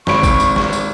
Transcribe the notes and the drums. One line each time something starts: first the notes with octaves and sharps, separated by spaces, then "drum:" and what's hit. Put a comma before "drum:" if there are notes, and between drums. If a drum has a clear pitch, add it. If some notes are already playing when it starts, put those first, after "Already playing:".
G#1 B5 C#6 D7, drum: snare
drum: kick, tambourine
drum: tambourine
drum: snare
drum: tambourine